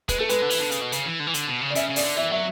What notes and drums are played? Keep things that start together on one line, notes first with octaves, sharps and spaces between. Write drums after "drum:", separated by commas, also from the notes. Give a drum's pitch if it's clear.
G#3 B4, drum: kick, hi-hat
A3 A4
G#3 B4, drum: hi-hat
D3
E3, drum: open hi-hat
D3
C#3, drum: hi-hat
B2
C#3, drum: hi-hat
E3
D3
E3
D3, drum: hi-hat
B2
C#3
D5
C#3 E5, drum: hi-hat
C#3
D5, drum: open hi-hat
D3
E3 E5
F#3 E5